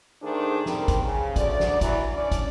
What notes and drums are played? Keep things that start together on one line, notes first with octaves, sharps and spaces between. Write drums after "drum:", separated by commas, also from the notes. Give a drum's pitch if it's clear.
D#3 A3 D4 G#4 C5
D#3 G3 C4 A#4, drum: snare
drum: kick, hi-hat
C#3
D2 D5, drum: kick, hi-hat
drum: snare
E3 F#3, drum: kick, hi-hat
C#4 D4 D5
drum: kick, hi-hat